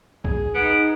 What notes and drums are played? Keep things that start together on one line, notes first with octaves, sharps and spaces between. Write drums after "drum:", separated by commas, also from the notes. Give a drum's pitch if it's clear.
G#4, drum: kick B1
B3 D#4 D7